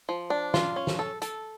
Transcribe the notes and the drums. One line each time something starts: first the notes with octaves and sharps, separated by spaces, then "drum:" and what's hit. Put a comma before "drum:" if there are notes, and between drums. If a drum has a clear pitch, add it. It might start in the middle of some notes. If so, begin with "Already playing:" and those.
F3
D4
F4, drum: snare
C#4
drum: snare
A4
A4, drum: hi-hat